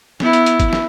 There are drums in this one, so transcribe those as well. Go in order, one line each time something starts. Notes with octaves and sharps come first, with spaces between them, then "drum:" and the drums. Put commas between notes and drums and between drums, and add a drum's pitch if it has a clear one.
B3 E4, drum: snare
drum: hi-hat
drum: hi-hat
drum: kick, hi-hat
drum: snare